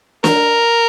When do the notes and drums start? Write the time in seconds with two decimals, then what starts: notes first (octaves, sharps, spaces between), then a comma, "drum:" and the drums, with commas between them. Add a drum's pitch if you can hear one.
0.24 A#4, drum: snare